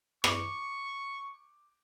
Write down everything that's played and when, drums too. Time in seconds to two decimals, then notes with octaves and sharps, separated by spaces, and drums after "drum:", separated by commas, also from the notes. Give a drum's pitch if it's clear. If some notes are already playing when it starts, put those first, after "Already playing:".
0.24 C#6 D6, drum: rim click